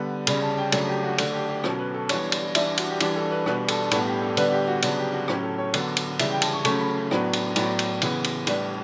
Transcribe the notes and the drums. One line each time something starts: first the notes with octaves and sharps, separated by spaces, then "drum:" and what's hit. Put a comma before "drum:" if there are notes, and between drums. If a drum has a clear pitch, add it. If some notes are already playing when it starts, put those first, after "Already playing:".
Already playing: D3 G3 B3
C#3 G3 C#4 B5, drum: cymbal
A5
G5
C#3 F#3 A3 D4 A4, drum: cymbal
G4
F#4
D3 A3 D4, drum: cymbal
G4
G4
B2 F#3 C#4 A4, drum: rim click
B4
A4
E3 G3 B3 D4 C#5, drum: cymbal
drum: cymbal
E3 G3 D4 E5, drum: cymbal
F#4, drum: cymbal
G4
E3 G3 D4 G4, drum: cymbal
A4
B4
B2 G3 B3 D4 B4, drum: rim click
A4, drum: cymbal
A2 G3 B3 D4 A4, drum: cymbal
G4
A4
D3 G3 B3 D4 B4, drum: cymbal
G4
F#4
C#3 F#3 B3 D4 F#4, drum: cymbal
G4
F#4
A2 F#3 C#4 G4, drum: rim click
A4
C#5
D3 F#3 B3 D5, drum: cymbal
drum: cymbal
C#3 E3 G3 E5, drum: cymbal
G5
A5, drum: cymbal
C#6
C#3 F#3 A3 C#4 C#6, drum: cymbal
B5
A2 F#3 B3 D4, drum: rim click
drum: cymbal
A2 F#3 B3 D5, drum: cymbal
drum: cymbal
C#3 E3 B3, drum: cymbal
drum: cymbal
A2 G3 D4 B4, drum: cymbal